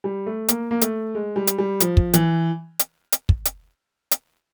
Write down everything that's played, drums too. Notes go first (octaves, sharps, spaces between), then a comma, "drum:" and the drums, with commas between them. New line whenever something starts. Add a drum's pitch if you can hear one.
G3
A3
A#3, drum: hi-hat
A#3
A3, drum: hi-hat
G#3
G3
drum: hi-hat
G3
F3, drum: hi-hat
drum: kick
E3, drum: hi-hat
drum: hi-hat
drum: hi-hat
drum: kick
drum: hi-hat
drum: hi-hat